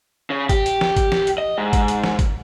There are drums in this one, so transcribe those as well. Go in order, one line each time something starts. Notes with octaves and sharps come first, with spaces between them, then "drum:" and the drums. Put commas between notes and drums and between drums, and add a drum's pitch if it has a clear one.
C#3
G4, drum: kick, hi-hat
drum: hi-hat
drum: snare
drum: kick, hi-hat
drum: snare
drum: hi-hat
D#5
G#2
drum: kick, hi-hat
drum: hi-hat
drum: snare
drum: kick, hi-hat